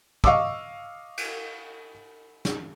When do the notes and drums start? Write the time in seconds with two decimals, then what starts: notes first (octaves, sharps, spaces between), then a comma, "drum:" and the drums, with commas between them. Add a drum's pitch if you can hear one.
0.24 D#5 F5 C#6 D6 E6, drum: kick
1.17 drum: cymbal
2.45 drum: snare